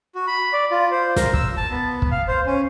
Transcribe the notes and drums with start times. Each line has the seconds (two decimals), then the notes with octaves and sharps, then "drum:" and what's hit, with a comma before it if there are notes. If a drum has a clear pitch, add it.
0.15 F#4
0.27 B5
0.53 D5
0.71 F4
0.91 C5
1.16 A#4, drum: snare
1.33 E6, drum: kick
1.57 A5
1.70 B3
2.02 drum: kick
2.11 F5
2.28 C5
2.46 C#4